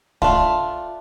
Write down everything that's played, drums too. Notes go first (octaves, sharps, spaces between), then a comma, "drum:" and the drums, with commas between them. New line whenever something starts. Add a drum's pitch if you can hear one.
A3 D4 F4, drum: kick